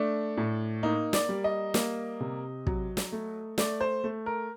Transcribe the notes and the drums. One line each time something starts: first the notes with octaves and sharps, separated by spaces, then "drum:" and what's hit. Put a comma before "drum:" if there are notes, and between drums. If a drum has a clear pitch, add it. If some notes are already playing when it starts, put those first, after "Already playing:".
Already playing: A3 D4
A2
A#3 D#4
D5, drum: snare
G3
D#5
A#3, drum: snare
C3
F#3, drum: kick
drum: snare
A3
A3 D5, drum: snare
C5
A3
A#4